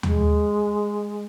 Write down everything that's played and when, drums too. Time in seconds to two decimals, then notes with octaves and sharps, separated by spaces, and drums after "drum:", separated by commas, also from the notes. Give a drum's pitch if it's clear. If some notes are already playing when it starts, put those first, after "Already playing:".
0.03 G#3, drum: tom D#2